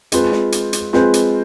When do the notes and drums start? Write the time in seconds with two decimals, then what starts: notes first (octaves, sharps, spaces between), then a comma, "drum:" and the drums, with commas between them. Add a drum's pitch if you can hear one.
0.12 G#3 C4 F4 B4, drum: hi-hat
0.32 drum: snare
0.52 drum: hi-hat
0.73 drum: hi-hat
0.93 G#3 C4 F4 B4, drum: snare
1.14 drum: hi-hat